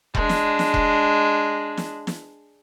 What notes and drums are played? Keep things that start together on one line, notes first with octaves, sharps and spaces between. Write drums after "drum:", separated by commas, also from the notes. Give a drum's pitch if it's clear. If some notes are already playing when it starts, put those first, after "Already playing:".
G#3 D4, drum: kick E1
drum: snare
drum: snare
drum: kick E1
drum: snare
drum: snare